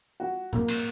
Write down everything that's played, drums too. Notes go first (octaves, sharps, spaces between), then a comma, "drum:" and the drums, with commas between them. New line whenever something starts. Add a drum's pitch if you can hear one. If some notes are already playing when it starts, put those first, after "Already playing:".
F#4
A#3, drum: tom
drum: cymbal